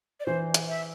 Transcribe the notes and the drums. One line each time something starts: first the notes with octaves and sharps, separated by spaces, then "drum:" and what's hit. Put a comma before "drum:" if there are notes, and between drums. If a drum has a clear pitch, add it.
D5
E3 C5
drum: hi-hat
E5